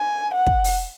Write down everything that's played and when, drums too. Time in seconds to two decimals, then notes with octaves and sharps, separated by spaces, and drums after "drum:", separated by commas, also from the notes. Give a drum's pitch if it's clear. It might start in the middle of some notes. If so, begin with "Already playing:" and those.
Already playing: G#5
0.34 F#5
0.47 drum: kick
0.64 drum: open hi-hat